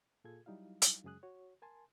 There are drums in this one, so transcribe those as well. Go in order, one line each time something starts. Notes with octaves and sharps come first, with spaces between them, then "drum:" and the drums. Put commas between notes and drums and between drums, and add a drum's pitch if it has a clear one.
A#2 F4 G#4 A4 G#6
F#3 G3 D#4 E4 F5
drum: hi-hat
F#2 C#3 G#3 G#4 D#6 F#6
F#4 C#5
A#4 G#5 A5 C6